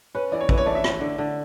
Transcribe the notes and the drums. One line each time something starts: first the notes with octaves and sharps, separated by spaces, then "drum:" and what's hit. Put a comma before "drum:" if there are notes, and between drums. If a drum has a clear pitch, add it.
C#4 B4
E3 D5
C#5
E3 B4, drum: kick A1
C#5
A3 D5
E5
E4, drum: rim click
D3
D3